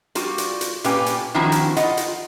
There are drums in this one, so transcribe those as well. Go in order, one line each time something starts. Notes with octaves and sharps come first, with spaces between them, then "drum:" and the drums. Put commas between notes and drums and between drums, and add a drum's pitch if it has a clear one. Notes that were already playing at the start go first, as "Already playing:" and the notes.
G3 F4 F#4, drum: hi-hat
drum: hi-hat
drum: hi-hat
A#2 C#4 G4 B4 G5, drum: hi-hat
drum: hi-hat
D#3 F3 C4 D4 E4 F#4
drum: hi-hat
F4 D#5 F#5, drum: hi-hat
drum: hi-hat